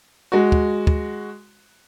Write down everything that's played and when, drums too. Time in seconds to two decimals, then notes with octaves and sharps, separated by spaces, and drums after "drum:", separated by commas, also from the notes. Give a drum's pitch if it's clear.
0.32 G#3 F#4
0.52 drum: kick
0.87 drum: kick